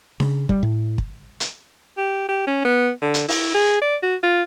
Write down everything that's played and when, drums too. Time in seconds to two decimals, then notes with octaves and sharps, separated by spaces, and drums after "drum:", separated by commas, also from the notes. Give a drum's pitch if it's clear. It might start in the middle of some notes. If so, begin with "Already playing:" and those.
0.20 C#3, drum: snare D4
0.49 G3, drum: kick
0.63 A2
0.98 drum: kick
1.40 drum: hi-hat
1.98 G4
2.29 G4
2.47 C#4
2.65 B3
3.02 D3
3.14 drum: hi-hat
3.28 E4, drum: open hi-hat
3.55 G#4
3.82 D5
4.03 F#4
4.23 F4